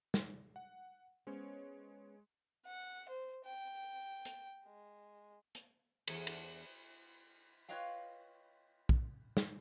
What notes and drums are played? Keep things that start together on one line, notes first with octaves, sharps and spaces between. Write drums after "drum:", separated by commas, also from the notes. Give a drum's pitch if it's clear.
drum: snare
F#5
G#3 B3 C#4 C5 C#5
F#5
C5
G5
drum: hi-hat
G#3
drum: hi-hat
E2 E3 B3 C#5, drum: cymbal
D4, drum: cymbal
F4 B4 C#5 D#5 F5 G5
drum: kick
drum: snare